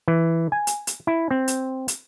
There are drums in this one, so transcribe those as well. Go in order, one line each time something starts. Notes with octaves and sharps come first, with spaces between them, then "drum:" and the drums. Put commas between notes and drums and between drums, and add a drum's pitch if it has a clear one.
E3
G#5
drum: hi-hat
drum: hi-hat
E4
C4
drum: hi-hat
drum: hi-hat